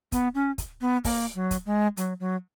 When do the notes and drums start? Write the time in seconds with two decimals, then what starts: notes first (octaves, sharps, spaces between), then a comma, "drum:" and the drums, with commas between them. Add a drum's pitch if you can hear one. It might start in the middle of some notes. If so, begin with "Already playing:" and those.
0.12 B3, drum: kick, hi-hat
0.35 C#4
0.58 drum: kick, hi-hat
0.81 B3
1.05 A#3, drum: kick, open hi-hat
1.35 F#3
1.51 drum: kick, hi-hat
1.66 G#3
1.97 F#3, drum: hi-hat
2.20 F#3